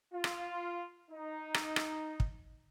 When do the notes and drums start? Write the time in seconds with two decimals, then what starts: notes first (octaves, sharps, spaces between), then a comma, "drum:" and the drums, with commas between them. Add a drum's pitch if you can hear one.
0.13 F4
0.24 drum: rim click
1.11 D#4
1.54 drum: rim click
1.76 drum: rim click
2.20 drum: kick